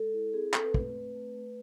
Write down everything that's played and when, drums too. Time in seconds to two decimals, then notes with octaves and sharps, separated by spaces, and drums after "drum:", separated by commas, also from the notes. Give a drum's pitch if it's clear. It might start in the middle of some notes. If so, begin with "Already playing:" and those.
Already playing: G#3 A4
0.14 E4
0.34 C4 G#4
0.54 C4 A4, drum: clap
0.64 B4
0.74 A3, drum: kick
0.95 C4
1.15 A3
1.35 A3